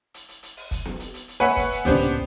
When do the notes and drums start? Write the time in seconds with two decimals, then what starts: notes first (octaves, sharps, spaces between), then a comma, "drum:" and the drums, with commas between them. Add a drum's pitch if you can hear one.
0.14 drum: hi-hat
0.28 drum: hi-hat
0.43 drum: hi-hat
0.57 drum: open hi-hat
0.71 drum: kick, hi-hat
0.85 drum: snare B3
1.00 drum: hi-hat
1.14 drum: hi-hat
1.28 drum: hi-hat
1.40 A#3 B4 C#5 E5 F#5 G#5
1.57 drum: kick, hi-hat
1.71 drum: hi-hat
1.85 C#2 A2 A#3 B3 C#4 D4 G4 C5, drum: hi-hat
1.99 drum: hi-hat